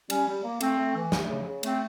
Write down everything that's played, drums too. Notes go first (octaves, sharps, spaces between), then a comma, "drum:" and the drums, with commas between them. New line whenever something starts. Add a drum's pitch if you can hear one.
G3 C#4, drum: cymbal
G3
A#3
A3 C4, drum: cymbal
A3
E3
A3, drum: snare
C#3
C#3
A3 C4, drum: cymbal